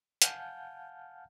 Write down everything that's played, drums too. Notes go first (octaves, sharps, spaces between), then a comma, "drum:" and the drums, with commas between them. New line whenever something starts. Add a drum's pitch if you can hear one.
F5 F#5 G#5 A5 F6 G6, drum: hi-hat